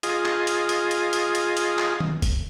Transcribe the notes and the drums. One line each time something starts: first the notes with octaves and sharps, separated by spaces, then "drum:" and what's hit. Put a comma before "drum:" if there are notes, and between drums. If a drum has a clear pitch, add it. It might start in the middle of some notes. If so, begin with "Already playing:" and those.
F4 G#4 D#5, drum: hi-hat
drum: clap
drum: hi-hat
drum: hi-hat
drum: hi-hat
drum: hi-hat
drum: hi-hat
drum: hi-hat
drum: clap
drum: tom D#3
drum: kick, hi-hat